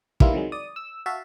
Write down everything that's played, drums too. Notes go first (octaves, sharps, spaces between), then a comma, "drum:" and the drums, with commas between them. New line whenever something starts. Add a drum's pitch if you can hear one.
D#3 E3 G3 A#3 E4 F4, drum: kick
C3 D#3 F#3 G#3
D5 D#6
E6
F#4 E5 F5 A5